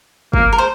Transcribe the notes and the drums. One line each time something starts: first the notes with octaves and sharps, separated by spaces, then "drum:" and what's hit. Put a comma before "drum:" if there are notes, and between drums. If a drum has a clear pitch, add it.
A#3, drum: kick
A#4
C5